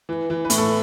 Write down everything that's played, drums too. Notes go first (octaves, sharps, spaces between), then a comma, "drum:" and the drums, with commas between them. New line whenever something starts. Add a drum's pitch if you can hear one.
E3
E3
B4
A2, drum: hi-hat
A4